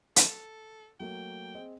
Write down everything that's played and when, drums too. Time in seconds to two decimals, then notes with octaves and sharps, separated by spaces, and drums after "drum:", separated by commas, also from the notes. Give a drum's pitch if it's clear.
0.16 A4, drum: hi-hat
1.00 F#3 A3 A#3 G5
1.54 C4 G#4 D#5